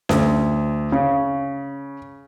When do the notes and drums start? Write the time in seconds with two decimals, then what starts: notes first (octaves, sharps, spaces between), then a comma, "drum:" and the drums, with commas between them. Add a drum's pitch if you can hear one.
0.09 D2, drum: snare C#4
0.92 C#3